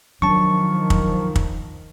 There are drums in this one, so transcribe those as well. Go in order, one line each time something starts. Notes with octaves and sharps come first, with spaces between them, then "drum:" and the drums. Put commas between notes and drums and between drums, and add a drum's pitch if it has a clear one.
D#3 F3 F#3 D4 A5 C#6
drum: kick
drum: kick